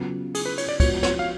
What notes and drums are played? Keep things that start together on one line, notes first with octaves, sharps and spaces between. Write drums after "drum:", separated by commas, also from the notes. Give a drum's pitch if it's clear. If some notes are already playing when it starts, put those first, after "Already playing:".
Already playing: C#3 F#3 B3 F4
G#4, drum: cymbal
B4
C#5, drum: cymbal
D5
F3 G#3 B3 F#4 C#5, drum: kick, cymbal
C#5, drum: snare
F5